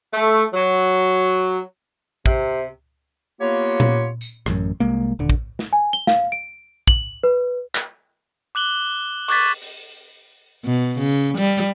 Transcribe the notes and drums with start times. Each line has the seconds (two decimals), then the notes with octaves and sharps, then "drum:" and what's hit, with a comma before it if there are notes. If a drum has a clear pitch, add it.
0.14 A3
0.54 F#3
2.26 C3, drum: kick
3.40 A#3 B3 F4 G4 C#5
3.80 drum: tom A#2
4.21 drum: tambourine
4.46 A1 F#2, drum: rim click
4.80 C2 G#3 A#3
5.19 D#1 D3
5.30 drum: kick
5.59 drum: snare
5.73 G#5
5.93 G7
6.07 F5, drum: snare
6.32 D7
6.87 F#7, drum: kick
7.23 B4
7.75 drum: clap
8.55 D6 F#6 F#7 G7
9.28 C#6 D6 F#6 G#6 A6 B6, drum: open hi-hat
9.62 drum: open hi-hat
10.65 B2
10.99 C#3
11.37 G3, drum: hi-hat